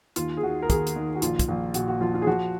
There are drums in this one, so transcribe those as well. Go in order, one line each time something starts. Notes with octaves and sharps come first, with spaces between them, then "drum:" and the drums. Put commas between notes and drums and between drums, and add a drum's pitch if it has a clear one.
D#2 F4, drum: hi-hat
G#4
D#3 F#4
A#4
D#2 G#4, drum: kick, hi-hat
drum: hi-hat
D#3
F#4
A#1 F4, drum: hi-hat
drum: kick, hi-hat
A#1
A#2 F#4, drum: hi-hat
F#4
F3 F4
F4
G#4
F3 F#4